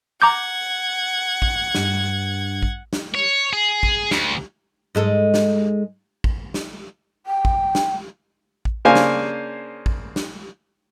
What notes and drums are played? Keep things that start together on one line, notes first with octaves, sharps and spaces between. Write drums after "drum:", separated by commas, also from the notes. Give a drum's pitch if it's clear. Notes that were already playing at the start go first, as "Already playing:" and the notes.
F#5 A#5 D6 G6 G#6
drum: kick A1
G2, drum: snare
drum: kick A1
drum: snare
C#5
G#4
drum: kick A1
D2, drum: snare
G#2 G#3 A4
drum: snare
drum: kick A1
drum: snare
G5
drum: kick A1
drum: snare
drum: kick A1
C#3 A#3 D4 C5 F5 G#5
drum: snare
drum: kick A1
drum: snare